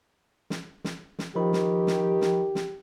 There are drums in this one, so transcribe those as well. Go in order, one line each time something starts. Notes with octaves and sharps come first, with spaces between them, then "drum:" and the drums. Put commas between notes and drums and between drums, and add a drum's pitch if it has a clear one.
drum: snare
drum: snare
drum: snare
D#3 F3 G4 B5
drum: snare
drum: snare
drum: snare
drum: snare